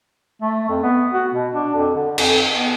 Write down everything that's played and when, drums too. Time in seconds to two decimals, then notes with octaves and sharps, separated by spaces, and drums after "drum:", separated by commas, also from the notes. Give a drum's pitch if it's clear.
0.42 A3
0.69 F2
0.83 B3
1.13 F#4
1.34 B2
1.55 D4
1.75 F2
1.96 D3
2.18 F2, drum: cymbal
2.54 B3